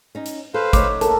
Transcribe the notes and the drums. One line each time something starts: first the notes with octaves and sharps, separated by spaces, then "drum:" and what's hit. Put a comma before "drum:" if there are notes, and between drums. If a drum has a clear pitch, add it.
C#4 D#4
drum: hi-hat
A4 B4 C5 F5
A3 D#4 C#5 D6, drum: kick, hi-hat
C#3 A4 A#4 A5, drum: hi-hat